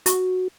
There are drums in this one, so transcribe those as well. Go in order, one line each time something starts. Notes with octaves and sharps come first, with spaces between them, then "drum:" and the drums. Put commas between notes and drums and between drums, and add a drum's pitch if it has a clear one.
F#4, drum: hi-hat